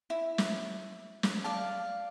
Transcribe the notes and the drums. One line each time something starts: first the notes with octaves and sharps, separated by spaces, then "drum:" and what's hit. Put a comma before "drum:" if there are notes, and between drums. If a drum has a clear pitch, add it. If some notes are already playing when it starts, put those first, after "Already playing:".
E4
drum: snare
drum: snare
D5 F5 A5